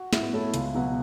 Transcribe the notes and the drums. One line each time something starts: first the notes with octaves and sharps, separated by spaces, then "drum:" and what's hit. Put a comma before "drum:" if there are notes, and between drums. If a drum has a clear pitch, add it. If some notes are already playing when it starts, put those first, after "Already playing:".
Already playing: F#4
A2 E4, drum: snare
B3
A3 C#4 E4 A4
C#2, drum: hi-hat
B2 F#3 B3